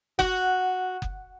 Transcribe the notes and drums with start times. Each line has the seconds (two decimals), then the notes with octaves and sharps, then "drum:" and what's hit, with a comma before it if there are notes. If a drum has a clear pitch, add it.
0.19 F#4, drum: kick F#1
1.02 drum: kick F#1